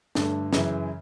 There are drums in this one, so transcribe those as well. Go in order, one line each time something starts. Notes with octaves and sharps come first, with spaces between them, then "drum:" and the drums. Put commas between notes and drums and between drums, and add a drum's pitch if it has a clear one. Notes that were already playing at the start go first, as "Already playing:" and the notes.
G2 D3 A3, drum: snare
F#2 C#3 E3, drum: snare